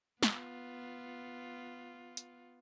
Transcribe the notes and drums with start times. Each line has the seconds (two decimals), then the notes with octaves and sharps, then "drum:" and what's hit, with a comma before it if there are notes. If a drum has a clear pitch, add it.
0.23 B3 F4, drum: snare
2.17 drum: hi-hat